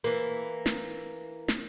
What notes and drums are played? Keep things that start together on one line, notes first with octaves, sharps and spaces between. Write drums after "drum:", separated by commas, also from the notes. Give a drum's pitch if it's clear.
E3 A#3
drum: snare
drum: snare